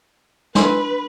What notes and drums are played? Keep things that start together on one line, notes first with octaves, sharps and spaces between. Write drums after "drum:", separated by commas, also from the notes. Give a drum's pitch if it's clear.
D4 B4 C6 E6, drum: snare